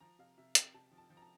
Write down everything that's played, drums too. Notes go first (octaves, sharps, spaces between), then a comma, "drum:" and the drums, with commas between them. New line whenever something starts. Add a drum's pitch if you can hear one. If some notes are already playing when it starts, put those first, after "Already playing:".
F3 A#5
C3 F5
C3 E5
C3 G5, drum: hi-hat
C3 A5
F3
A5
F3
A#5
A5